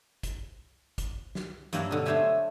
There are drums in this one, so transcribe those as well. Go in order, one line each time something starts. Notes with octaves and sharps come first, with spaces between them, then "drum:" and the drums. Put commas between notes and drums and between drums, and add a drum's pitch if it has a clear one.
drum: kick, hi-hat
drum: kick, hi-hat
drum: snare
G2 F#3 A#3 C4 C#5 F#5, drum: hi-hat
B2 D3
A3 D4 C5 C#5 E5 G#5